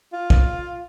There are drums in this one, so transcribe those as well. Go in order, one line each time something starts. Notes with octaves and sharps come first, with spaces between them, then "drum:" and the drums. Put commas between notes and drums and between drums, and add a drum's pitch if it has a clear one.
F4
drum: kick